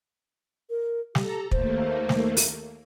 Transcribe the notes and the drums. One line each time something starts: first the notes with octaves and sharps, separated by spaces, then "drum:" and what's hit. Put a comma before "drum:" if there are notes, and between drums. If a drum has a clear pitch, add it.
A#4
G4 A4 A#5, drum: snare
D#2 A3 A#3 C5, drum: kick
drum: snare
drum: open hi-hat